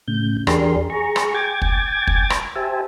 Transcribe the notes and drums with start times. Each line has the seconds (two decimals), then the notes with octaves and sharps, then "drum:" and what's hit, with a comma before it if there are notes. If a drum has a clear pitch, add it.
0.08 A2 C#3 G6
0.47 E2 D4 G4 G#4 A#4 C6, drum: rim click
0.90 G#4 A#5 C#6
1.16 drum: rim click
1.34 G5 G#5 D6 G#6 A6
1.62 drum: kick
2.07 drum: kick
2.30 drum: rim click
2.56 G4 C5 E5 G#5 A5